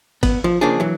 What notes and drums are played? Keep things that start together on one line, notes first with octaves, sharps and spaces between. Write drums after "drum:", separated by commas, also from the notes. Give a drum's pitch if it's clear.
B3, drum: kick G#1, cymbal
F3
C#3 F3 A#3 D4 G#4
E3 F#3